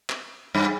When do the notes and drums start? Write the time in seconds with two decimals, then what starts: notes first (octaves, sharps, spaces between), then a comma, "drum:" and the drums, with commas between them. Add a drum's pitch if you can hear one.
0.10 drum: clap
0.55 G2